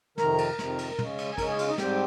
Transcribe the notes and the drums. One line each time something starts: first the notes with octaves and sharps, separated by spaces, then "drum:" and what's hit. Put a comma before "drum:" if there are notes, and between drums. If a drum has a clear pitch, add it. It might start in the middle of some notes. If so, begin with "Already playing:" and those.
F2 C3 D#3 A#4 A#5, drum: snare
drum: cymbal
F2 C3 D#3, drum: snare
drum: cymbal
C#3 G#3 C#4, drum: tom
drum: cymbal
G#5
C#3 G#3 C#4 A#4 A#5, drum: kick, cymbal
G#4 G#5
F4 F5, drum: cymbal
D#4 D#5
G#2 G3 C4 G4 G5, drum: snare